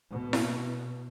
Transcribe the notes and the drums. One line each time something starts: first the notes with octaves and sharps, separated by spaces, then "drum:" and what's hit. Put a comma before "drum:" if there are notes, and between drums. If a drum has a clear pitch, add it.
B2
drum: snare E4